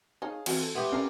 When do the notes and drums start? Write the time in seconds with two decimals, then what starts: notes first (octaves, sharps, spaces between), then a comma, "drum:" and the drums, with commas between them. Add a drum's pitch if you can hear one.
0.22 D#4 G#4 C#5 F5 G#5
0.46 E3 F#3 C4 F4 F#4, drum: cymbal
0.60 A4
0.75 B3 G4 E5 F#5 C6
0.92 D3 C#4 F4 A4 A#4 D5 F5